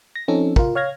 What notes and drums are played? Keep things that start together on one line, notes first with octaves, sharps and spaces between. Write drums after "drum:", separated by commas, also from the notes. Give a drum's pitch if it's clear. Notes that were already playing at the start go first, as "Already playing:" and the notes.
A#6
F3 C4 C#4 D#4 A4
F4 A#4, drum: kick
C#5 F5 F6 G#6 A#6